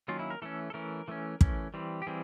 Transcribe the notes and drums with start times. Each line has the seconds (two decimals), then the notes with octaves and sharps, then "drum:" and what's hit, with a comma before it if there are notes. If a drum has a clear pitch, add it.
0.08 D#3 F#3 A#3 C#4 F4
0.19 E4
0.30 A#4
0.42 E3 A3 C#4 A4
0.70 A4
0.74 E3 A3 C#4 A#4
1.08 E3 A3 C#4
1.41 E3 A3 C#4, drum: kick
1.74 E3 G3 C4
2.02 G4
2.07 E3 G3 C4 G#4